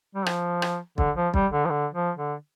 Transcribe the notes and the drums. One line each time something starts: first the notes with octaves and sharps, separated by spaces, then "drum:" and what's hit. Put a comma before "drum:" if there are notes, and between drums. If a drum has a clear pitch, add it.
G3
F3, drum: rim click
drum: rim click
D3, drum: kick
F3
G3, drum: kick
D3
F3
D3
F3
D3